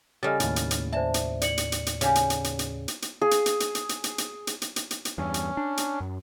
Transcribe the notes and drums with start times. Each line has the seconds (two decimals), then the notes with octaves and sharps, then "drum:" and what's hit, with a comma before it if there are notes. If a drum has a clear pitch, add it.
0.23 C#3 G3 G4 A4 D#5 F6 A6
0.40 D#2 A2, drum: hi-hat
0.56 drum: hi-hat
0.71 drum: hi-hat
0.93 C5 D5 E5 A5
1.14 drum: hi-hat
1.41 D5 C#7 F#7, drum: hi-hat
1.58 drum: hi-hat
1.72 drum: hi-hat
1.86 drum: hi-hat
2.01 C#3 G4, drum: hi-hat
2.15 drum: hi-hat
2.30 drum: hi-hat
2.44 drum: hi-hat
2.59 drum: hi-hat
2.88 drum: hi-hat
3.02 drum: hi-hat
3.21 G#4
3.31 drum: hi-hat
3.46 drum: hi-hat
3.60 drum: hi-hat
3.75 drum: hi-hat
3.89 drum: hi-hat
4.04 drum: hi-hat
4.18 drum: hi-hat
4.47 drum: hi-hat
4.62 drum: hi-hat
4.76 drum: hi-hat
4.91 drum: hi-hat
5.05 drum: hi-hat
5.18 E2 G2 C#4
5.34 drum: hi-hat
5.57 D4
5.77 drum: hi-hat
6.00 F#2